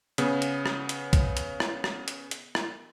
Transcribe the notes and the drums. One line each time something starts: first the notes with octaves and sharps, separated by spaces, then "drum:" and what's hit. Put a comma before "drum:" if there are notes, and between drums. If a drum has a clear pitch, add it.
C#3 B3, drum: hi-hat
drum: hi-hat
drum: rim click
drum: hi-hat
drum: kick, hi-hat
drum: hi-hat
drum: rim click
drum: rim click
drum: hi-hat
drum: hi-hat
drum: rim click